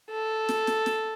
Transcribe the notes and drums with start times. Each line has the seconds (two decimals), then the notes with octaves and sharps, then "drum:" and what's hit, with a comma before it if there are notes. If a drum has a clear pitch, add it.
0.11 A4
0.49 drum: snare
0.67 drum: snare
0.86 drum: snare